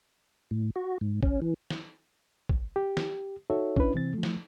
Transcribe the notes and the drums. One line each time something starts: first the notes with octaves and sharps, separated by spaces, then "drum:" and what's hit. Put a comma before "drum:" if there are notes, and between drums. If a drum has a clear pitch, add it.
A2
F#4
G#2
C#4, drum: kick
E3
drum: snare
drum: kick
G4
drum: snare
D#4 F#4 A4 C#5 E5
C#4 D4 E4 B4, drum: kick
C3 E3 C4 A6
F3 A3
drum: snare